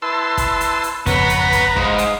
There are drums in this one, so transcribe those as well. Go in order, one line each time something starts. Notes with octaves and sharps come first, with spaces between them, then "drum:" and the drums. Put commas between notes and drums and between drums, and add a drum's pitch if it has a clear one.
E4 B4 A5 C6 E6
drum: kick, hi-hat
drum: hi-hat
drum: hi-hat
G#1 F2 C#3 B3 B4 C#5 A#5, drum: kick, hi-hat
drum: hi-hat
drum: kick, hi-hat
G#2 G#4 F5, drum: kick
drum: hi-hat